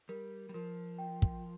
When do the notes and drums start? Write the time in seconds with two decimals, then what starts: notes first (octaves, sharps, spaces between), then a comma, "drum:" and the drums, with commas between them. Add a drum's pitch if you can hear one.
0.09 G3 A#4
0.49 G3
0.54 F3 A#4
0.98 G5
1.22 drum: kick